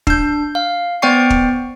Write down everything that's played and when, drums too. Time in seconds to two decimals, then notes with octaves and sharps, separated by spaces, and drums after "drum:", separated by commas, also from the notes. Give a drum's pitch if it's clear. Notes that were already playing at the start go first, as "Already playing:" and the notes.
0.07 D4 G6, drum: kick
0.55 F5
1.02 B3 C5 D5 G5 C#6 C7
1.30 drum: kick